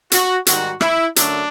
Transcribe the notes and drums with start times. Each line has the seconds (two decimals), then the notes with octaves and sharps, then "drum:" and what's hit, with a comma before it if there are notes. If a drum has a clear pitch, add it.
0.12 F#4, drum: hi-hat
0.47 G#2 D#3 G3 F#4, drum: hi-hat
0.81 E4, drum: rim click
1.16 F#2 D3 F#3 A3 D4, drum: hi-hat